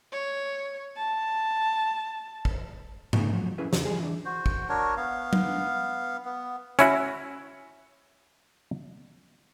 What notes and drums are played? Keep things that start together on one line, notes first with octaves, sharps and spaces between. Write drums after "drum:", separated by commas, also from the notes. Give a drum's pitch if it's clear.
C#5
A5
drum: kick
C#3 A3 B3 D#4, drum: tom G#2
F3 F#3
C#4 E4 G#4 B4 E5
E2 C#3, drum: snare
G3 G#4
E3 D4
F#4 C5
drum: kick
D4 F#4 A#4 C#5
B3 F5
drum: tom F#3
B3
C#4 E4 F#4, drum: hi-hat